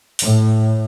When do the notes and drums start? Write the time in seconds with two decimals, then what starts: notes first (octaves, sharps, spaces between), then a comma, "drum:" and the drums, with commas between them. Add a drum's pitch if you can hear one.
0.19 A2, drum: open hi-hat